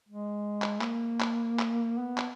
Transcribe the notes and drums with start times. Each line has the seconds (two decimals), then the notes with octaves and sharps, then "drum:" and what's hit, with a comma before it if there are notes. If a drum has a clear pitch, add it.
0.09 G#3
0.62 drum: clap
0.81 A#3, drum: clap
1.20 drum: clap
1.59 drum: clap
1.98 B3
2.18 drum: clap